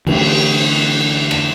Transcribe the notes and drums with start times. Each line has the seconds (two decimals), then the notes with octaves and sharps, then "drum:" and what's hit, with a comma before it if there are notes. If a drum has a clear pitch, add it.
0.07 D3 E3 A3, drum: cymbal
1.31 drum: rim click